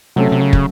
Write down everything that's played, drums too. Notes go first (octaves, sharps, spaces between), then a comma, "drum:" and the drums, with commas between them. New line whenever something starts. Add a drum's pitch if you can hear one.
C3 F#3 A3 C#4 A4
C3
C#3
drum: kick